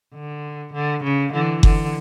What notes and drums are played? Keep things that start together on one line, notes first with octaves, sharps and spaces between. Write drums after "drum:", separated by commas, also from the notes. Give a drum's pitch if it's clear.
D3
D3
C#3
D3 E3
D3, drum: kick F#1